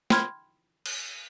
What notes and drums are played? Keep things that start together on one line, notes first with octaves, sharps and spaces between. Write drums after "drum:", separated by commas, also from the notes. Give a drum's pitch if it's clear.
G5 B5 C6 F6 G#6, drum: snare
drum: cymbal